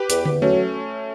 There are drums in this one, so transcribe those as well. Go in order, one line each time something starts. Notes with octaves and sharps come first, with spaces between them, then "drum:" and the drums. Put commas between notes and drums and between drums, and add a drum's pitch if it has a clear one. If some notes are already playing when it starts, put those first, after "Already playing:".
Already playing: G4 B4
E2, drum: hi-hat
E2, drum: tom D3
F#3 A3 C#4